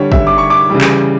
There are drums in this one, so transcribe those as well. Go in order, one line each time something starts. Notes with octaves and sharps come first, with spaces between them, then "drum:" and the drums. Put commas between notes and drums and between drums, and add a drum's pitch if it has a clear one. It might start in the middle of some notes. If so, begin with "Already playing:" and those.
Already playing: D3 G3 C#5
E5, drum: kick
D6
C#6
D6
C#3 E3 G3
drum: clap